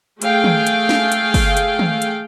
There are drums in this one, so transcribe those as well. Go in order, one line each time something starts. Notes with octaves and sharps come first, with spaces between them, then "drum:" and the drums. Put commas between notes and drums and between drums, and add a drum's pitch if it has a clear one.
A3 G#4 F5 G5, drum: hi-hat
drum: tom D#3
drum: hi-hat
drum: snare
drum: hi-hat
drum: kick, open hi-hat
drum: hi-hat
drum: tom D#3
drum: hi-hat